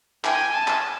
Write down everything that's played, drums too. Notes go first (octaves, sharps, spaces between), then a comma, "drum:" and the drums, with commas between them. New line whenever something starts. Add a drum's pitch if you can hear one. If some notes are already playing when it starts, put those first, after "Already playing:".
G5 G#5, drum: clap
A5
drum: clap